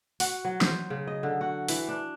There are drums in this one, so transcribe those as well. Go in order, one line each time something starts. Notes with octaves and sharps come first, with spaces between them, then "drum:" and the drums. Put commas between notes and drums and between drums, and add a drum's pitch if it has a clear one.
F#4, drum: open hi-hat
F#3
C5, drum: snare
C#3
D#5
D3
F#4
E3, drum: open hi-hat
D4